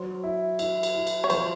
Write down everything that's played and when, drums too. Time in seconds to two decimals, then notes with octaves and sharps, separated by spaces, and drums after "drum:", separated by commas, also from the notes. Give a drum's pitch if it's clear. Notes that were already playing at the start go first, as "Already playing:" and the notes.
Already playing: F#3 C5
0.24 E4
0.59 E4, drum: cymbal
0.83 drum: cymbal
0.95 E4
1.07 drum: cymbal
1.24 C#5
1.30 F3 C5, drum: cymbal